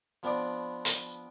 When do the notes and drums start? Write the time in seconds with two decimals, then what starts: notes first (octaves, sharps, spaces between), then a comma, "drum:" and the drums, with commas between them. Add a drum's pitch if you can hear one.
0.23 F3 B3 C4 D4 D5
0.85 drum: hi-hat